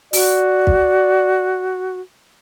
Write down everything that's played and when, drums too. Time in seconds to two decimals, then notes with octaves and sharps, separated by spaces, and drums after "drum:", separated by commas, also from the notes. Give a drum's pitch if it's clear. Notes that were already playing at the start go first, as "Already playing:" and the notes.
0.13 F#4 D5, drum: open hi-hat
0.67 drum: kick